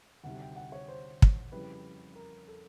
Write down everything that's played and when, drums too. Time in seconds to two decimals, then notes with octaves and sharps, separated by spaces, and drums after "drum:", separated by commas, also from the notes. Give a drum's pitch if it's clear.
0.24 D2 C3 D#3 G3 F#5
0.40 G5
0.56 F#5
0.72 C#5
0.88 C5
1.22 drum: kick
1.52 F2 C#3 E3 G3 B4
2.15 A#4
2.48 A4